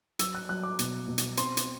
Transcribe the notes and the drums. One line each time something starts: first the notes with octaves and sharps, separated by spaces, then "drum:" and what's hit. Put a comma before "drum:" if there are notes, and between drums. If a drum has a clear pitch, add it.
F#3 E6, drum: hi-hat
F#6
F#3 F#6
D6
B2, drum: hi-hat
B2
drum: hi-hat
C4 C6, drum: hi-hat
drum: hi-hat